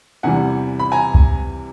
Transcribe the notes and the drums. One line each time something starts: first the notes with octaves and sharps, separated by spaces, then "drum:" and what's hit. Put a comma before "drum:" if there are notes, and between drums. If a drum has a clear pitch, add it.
E2 C3 E3 G3 F#5 G#5
B5
G#5 A#5
drum: kick C2